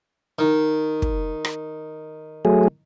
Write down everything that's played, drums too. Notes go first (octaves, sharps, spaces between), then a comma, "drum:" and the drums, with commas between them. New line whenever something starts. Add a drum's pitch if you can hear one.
D#3
drum: kick
drum: rim click
F#3 A3 G#4